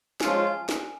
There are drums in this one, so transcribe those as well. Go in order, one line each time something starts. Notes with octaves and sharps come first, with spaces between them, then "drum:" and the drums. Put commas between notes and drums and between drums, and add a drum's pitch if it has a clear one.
F3 G#3 C#4 F4 G#5, drum: snare
G#5
drum: snare